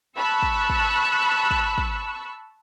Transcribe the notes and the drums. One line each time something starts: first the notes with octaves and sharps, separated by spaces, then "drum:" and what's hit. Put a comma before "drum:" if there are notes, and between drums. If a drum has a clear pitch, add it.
A5 B5 C#6 E6 F#6
drum: kick
drum: kick
drum: kick
drum: kick